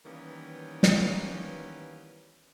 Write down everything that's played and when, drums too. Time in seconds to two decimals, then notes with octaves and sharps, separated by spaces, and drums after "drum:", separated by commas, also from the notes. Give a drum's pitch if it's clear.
0.05 D#3 E3 G3 A#3 B3 C#4
0.83 drum: snare